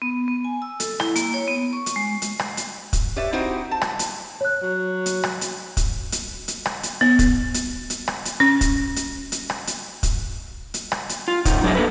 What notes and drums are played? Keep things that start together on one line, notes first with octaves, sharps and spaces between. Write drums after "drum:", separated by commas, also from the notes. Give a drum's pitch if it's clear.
B3
B3
G#5
E6
A4, drum: hi-hat
E4, drum: rim click
A#3, drum: hi-hat
C#5
B3
C#6
drum: hi-hat
G#3
drum: hi-hat
drum: rim click
drum: hi-hat
drum: kick, hi-hat
G4 B4 C#5 D5 E5
C4 D#4 E4 F#4 G4 C5
A5
drum: rim click
drum: hi-hat
C#5 F#6
F#3
drum: hi-hat
drum: rim click
drum: hi-hat
drum: kick, hi-hat
drum: hi-hat
drum: hi-hat
drum: rim click
drum: hi-hat
B3
drum: kick, hi-hat
drum: hi-hat
drum: hi-hat
drum: rim click
drum: hi-hat
C#4
drum: kick, hi-hat
drum: hi-hat
drum: hi-hat
drum: rim click
drum: hi-hat
drum: kick, hi-hat
drum: hi-hat
drum: rim click
drum: hi-hat
F4
C#3 D#4, drum: kick, hi-hat
F#3 D4 G#4 C5 D#5 E5
A#3 A4 B4